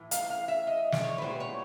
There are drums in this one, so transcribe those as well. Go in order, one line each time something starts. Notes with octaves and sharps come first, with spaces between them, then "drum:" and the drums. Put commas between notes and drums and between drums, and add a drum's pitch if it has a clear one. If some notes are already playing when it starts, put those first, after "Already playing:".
Already playing: A2 E3
F5, drum: hi-hat
F5
E5
D#5
D5, drum: snare
C#5
B4
A#2 G3 B3 E4 C5
C#5